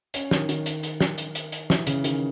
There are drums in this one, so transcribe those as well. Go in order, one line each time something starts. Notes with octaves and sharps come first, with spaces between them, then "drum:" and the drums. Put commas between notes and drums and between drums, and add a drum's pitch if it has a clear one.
C#4, drum: hi-hat
D#3, drum: snare
D#3, drum: hi-hat
drum: hi-hat
drum: hi-hat
drum: snare
drum: hi-hat
drum: hi-hat
drum: hi-hat
E3, drum: snare
C#3, drum: hi-hat
D#3, drum: hi-hat